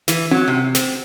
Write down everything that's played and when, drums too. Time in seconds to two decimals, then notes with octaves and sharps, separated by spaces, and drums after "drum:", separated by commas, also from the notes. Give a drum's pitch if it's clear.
0.08 E3, drum: snare
0.31 F#3, drum: tom C4
0.48 C3
0.75 C4, drum: snare